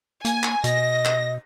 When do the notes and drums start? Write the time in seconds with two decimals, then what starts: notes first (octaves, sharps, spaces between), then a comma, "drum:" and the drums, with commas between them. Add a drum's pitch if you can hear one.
0.25 A#3 G#5, drum: hi-hat
0.43 drum: clap
0.64 B2 D#5 A#6, drum: hi-hat
1.05 drum: clap